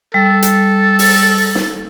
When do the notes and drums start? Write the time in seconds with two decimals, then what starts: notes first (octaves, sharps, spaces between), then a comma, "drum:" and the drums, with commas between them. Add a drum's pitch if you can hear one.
0.14 G3 A4
0.42 drum: hi-hat
0.99 drum: open hi-hat
1.55 drum: snare